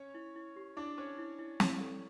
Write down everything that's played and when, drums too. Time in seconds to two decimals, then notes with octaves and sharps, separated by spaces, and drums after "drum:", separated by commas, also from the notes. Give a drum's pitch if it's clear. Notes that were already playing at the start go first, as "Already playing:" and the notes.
Already playing: C#4 C#5
0.14 E4
0.36 E4
0.56 G4
0.77 D4 E4 D5
0.97 C#4 C5 C#5
1.18 E4
1.39 E4
1.60 E4, drum: snare
1.81 A4